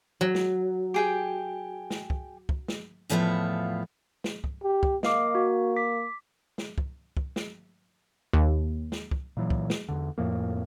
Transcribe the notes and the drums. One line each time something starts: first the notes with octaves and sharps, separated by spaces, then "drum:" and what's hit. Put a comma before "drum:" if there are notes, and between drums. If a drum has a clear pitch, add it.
F#3
drum: snare
G4 G#4 G5
drum: snare
drum: kick
drum: kick
drum: snare
E2 A2 F3 B3 F4 E5
drum: snare
drum: kick
G4
drum: kick
A#3 D#5 F5 D6, drum: snare
F#4
D6 B6
drum: snare
drum: kick
drum: kick
drum: snare
D#2
drum: snare
drum: kick
A#2 E3 F#3
drum: kick
drum: snare
E2 D3
F2 A2 F3 A#3